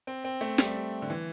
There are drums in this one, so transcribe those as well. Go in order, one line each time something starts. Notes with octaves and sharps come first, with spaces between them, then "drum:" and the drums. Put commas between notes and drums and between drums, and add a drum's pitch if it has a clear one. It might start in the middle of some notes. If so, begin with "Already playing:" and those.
C4
C4
A3
G3, drum: snare
D3
E3